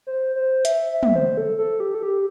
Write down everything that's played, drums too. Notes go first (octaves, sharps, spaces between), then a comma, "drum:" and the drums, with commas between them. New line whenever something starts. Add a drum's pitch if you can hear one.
C5
C5
E5, drum: hi-hat
E5
drum: tom
C5
A4
A4
G4
A4
G4